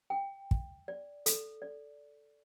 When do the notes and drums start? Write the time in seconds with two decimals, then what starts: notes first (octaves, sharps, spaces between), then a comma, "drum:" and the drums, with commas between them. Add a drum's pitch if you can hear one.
0.10 G5
0.51 drum: kick
0.88 D5
1.26 A4, drum: hi-hat
1.62 D5